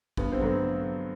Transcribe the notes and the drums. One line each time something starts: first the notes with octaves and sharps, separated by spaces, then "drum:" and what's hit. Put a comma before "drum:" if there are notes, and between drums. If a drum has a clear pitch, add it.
G2 B3, drum: kick
C4
D3 F#3 A3